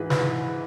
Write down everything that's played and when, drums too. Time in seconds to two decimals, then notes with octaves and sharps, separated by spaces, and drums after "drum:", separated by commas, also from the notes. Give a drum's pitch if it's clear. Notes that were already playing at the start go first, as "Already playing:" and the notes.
Already playing: G#2 E3 G#4 B4
0.10 E3 B4, drum: snare